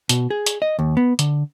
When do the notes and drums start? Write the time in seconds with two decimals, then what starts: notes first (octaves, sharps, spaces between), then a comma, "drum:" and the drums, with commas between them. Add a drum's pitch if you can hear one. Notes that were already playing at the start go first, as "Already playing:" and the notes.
0.09 B2, drum: hi-hat
0.30 G#4
0.46 drum: hi-hat
0.62 D#5
0.79 D#2
0.97 B3
1.19 D3, drum: hi-hat